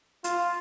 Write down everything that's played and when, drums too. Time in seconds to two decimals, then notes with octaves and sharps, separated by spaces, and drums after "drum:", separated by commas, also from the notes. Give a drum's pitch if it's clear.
0.24 F4, drum: hi-hat